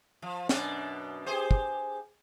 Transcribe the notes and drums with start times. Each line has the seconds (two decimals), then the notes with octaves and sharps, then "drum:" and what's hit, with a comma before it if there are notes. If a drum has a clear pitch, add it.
0.22 F3
0.49 F#2 B2 D4, drum: snare
1.26 G4 G#4 C5
1.51 drum: kick